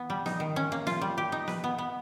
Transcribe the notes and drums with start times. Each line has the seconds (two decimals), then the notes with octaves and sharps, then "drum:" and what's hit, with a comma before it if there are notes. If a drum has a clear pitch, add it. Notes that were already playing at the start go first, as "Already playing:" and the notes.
Already playing: E3 B3
0.10 G3
0.26 D#4, drum: snare
0.40 D#3
0.56 C#4
0.72 A#3
0.87 F4, drum: snare
1.01 G3
1.18 G4
1.32 D#4
1.48 B4, drum: snare
1.64 B3
1.78 B3